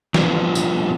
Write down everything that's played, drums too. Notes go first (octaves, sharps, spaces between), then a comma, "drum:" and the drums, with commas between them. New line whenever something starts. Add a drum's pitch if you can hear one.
F3 G3 B3 C4 D4, drum: snare E3
drum: tambourine